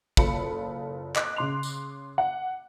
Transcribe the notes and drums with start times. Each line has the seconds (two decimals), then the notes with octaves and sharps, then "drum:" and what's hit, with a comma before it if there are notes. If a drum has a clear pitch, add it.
0.17 F#1 F4 A4 B5 C#7, drum: kick
1.16 D#5 D6 F#6, drum: clap
1.36 C#3 C6 F7
1.63 drum: tambourine
2.18 F#5